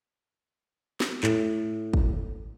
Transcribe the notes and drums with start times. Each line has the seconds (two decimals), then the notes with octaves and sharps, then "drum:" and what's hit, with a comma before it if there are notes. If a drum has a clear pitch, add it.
1.00 drum: snare
1.23 A2, drum: clap
1.94 drum: kick